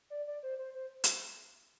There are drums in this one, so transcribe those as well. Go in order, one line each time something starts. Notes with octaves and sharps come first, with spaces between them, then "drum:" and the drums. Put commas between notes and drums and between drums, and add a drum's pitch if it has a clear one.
D5
D5
C5
C5
C5
drum: hi-hat